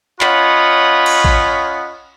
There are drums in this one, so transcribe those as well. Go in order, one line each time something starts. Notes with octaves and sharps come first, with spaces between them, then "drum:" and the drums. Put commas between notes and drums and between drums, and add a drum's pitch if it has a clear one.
C#4 F4 C#5 D#5 F#5 B5, drum: clap
drum: cymbal
drum: kick A1